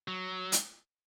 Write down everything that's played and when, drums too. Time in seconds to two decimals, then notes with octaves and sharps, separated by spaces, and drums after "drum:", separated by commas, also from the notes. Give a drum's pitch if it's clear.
0.08 F#3
0.52 drum: hi-hat